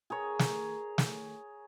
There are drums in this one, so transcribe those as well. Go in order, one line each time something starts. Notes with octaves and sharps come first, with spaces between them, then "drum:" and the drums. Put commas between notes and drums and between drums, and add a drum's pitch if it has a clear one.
G#4 A#4 C#5
drum: snare
drum: snare